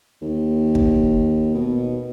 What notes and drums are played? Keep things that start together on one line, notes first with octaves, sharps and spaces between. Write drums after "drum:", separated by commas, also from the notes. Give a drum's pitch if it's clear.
D#2
drum: kick
B2